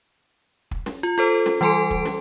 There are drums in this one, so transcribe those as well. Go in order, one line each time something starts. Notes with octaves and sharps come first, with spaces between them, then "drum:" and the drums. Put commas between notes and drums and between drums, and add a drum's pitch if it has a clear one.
drum: kick
drum: snare
F4
F4 A4 C5
drum: snare
E3 G3 A4 G#5 C6 D7
drum: kick
drum: snare